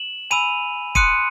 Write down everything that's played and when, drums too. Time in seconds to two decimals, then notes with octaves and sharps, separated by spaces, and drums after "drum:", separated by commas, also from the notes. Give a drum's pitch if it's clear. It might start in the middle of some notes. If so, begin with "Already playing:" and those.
Already playing: E7 F#7
0.31 G#5 B5 E6 D#7 F7
0.95 C6 D#6 F#6 C#7 D#7, drum: kick E1